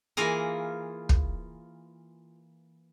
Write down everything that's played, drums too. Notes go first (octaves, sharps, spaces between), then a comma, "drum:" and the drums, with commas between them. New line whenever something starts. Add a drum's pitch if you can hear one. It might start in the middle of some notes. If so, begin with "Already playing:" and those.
E3 A#3 F4 G#4 A#4
drum: kick